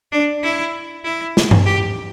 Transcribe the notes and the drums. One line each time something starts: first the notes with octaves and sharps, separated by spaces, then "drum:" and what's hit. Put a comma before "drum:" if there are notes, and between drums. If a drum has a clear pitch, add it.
D4
E4
E4
drum: snare
drum: tom G2
G4